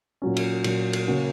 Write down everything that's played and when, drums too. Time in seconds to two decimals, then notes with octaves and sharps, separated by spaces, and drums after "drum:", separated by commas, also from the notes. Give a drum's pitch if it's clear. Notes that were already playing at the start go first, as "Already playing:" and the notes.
0.22 A#2 F#3 C#4
0.36 drum: cymbal
0.64 A#2 F#3 C#4, drum: cymbal
0.93 drum: cymbal
1.08 C#3 A#3 C#4 F#4